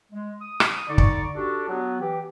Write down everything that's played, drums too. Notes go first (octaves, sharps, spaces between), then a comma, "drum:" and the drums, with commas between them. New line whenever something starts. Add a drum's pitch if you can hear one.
G#3
D#6
drum: rim click
D3 D#4 D5 C#6
drum: kick
D4 F#4 G4 A4
F#3 B3
E3 G4